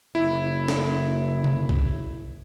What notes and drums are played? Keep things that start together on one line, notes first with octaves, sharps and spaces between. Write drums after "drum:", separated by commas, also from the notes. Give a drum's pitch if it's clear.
F#1 E4
drum: snare
drum: tom C3
drum: kick B1